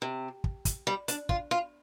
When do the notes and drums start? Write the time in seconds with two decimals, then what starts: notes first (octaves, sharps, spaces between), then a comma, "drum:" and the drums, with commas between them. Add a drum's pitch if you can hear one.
0.02 C3
0.44 drum: kick
0.65 drum: kick, hi-hat
0.87 G3
1.08 D4, drum: hi-hat
1.29 F4, drum: kick
1.51 F4